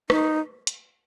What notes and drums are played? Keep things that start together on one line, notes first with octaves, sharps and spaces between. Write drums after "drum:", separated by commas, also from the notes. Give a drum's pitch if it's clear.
D#4, drum: rim click
drum: hi-hat